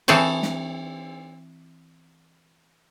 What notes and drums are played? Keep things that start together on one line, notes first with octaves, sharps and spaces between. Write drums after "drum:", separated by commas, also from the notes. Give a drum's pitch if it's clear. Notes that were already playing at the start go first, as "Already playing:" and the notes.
E3 C4 G#4 A4 C#5, drum: cymbal
drum: snare